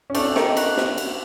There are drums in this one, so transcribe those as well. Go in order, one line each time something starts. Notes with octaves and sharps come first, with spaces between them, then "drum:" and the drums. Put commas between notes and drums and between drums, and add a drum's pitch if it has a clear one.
C#4
A3 C4 D4, drum: cymbal
D#3, drum: snare
F#4, drum: cymbal
drum: snare
drum: cymbal